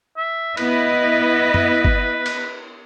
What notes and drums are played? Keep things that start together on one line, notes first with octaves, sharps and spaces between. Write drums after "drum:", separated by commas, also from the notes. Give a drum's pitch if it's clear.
E5
B3 E4 B4 D#5, drum: cymbal
drum: tom F#2
drum: kick G1
drum: cymbal